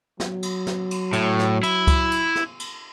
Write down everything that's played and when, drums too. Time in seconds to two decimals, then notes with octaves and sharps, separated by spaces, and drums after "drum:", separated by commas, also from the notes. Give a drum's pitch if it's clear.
0.20 F#3, drum: snare
0.43 drum: cymbal
0.67 drum: snare
0.91 drum: cymbal
1.13 A2, drum: cymbal
1.39 drum: snare
1.63 E4, drum: cymbal
1.87 drum: kick C#2, cymbal
2.11 drum: cymbal
2.36 drum: snare
2.60 drum: cymbal